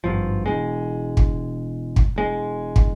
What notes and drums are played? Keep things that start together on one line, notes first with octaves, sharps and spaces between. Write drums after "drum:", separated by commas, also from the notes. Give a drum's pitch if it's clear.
G#1 G2 F3
E1 G#3
drum: kick
drum: kick
E1 G#3
drum: kick